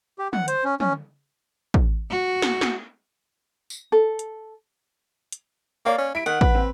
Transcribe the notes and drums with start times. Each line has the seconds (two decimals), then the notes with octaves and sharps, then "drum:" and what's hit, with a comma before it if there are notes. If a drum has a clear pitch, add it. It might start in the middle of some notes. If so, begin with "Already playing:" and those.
0.19 G4
0.33 F#5, drum: tom
0.48 C5, drum: hi-hat
0.64 C#4
0.80 C#4, drum: tom
1.74 drum: kick
2.10 F#4
2.42 drum: snare
2.61 drum: snare
3.70 drum: tambourine
3.92 A4
4.19 drum: hi-hat
5.32 drum: hi-hat
5.86 A#3 C#5 D5 F5
5.99 C#4
6.15 E4 B6 D7
6.26 D#3 F#5
6.41 B4, drum: kick
6.55 C4